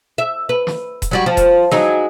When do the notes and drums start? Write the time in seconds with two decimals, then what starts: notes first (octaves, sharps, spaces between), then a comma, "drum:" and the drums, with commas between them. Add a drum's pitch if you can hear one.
0.18 E5
0.49 B4
0.67 drum: snare
1.02 drum: kick D#1, hi-hat
1.11 F#3 G3 F#4
1.26 F3
1.37 drum: kick D#1, hi-hat
1.71 F#3 G#3 D#4, drum: snare